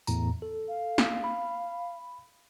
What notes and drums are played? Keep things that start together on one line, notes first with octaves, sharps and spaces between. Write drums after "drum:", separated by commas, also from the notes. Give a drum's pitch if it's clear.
E2 A2 A#5, drum: tambourine
A4
F5
drum: snare
B5